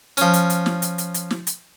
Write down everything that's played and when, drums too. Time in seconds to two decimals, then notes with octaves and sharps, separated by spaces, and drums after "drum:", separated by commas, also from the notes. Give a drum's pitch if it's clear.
0.17 F3 C#4, drum: hi-hat
0.33 drum: hi-hat
0.50 drum: hi-hat
0.66 drum: snare
0.82 drum: hi-hat
0.98 drum: hi-hat
1.14 drum: hi-hat
1.31 drum: snare
1.47 drum: hi-hat